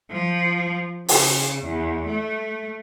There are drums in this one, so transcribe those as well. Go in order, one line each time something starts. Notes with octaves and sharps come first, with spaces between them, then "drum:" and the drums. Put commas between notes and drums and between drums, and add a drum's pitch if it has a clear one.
F3
C#3, drum: open hi-hat
E2
A3